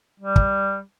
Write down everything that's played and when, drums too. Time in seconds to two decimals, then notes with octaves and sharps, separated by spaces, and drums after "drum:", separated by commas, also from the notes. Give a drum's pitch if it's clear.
0.20 G3
0.36 drum: kick